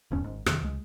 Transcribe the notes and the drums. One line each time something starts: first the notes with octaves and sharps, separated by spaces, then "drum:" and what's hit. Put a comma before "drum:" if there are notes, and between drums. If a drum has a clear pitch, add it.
D1 E2 G2 C#4
G#1 G#2
F2 C3 D#3, drum: rim click
C#2 G#3